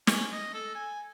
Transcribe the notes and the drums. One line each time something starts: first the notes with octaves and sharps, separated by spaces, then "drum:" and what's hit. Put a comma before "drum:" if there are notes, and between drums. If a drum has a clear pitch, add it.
C#4, drum: snare
D#5
A4
G#5